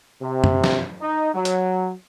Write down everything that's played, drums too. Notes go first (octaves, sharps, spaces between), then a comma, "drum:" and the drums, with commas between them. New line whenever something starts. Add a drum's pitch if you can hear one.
C3
drum: tom F#2
drum: snare
D#4
F#3
drum: hi-hat